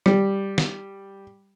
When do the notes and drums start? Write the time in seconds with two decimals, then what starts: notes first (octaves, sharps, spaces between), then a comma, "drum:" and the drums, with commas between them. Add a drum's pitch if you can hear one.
0.06 G3, drum: rim click
0.58 drum: snare